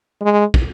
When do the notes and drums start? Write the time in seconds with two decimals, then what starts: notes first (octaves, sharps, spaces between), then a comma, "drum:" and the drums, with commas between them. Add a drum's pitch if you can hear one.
0.22 G#3
0.54 drum: kick